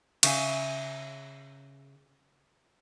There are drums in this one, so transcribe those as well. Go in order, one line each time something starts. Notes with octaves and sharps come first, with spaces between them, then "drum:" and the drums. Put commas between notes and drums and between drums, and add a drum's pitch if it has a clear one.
C#3 E5 G#5, drum: cymbal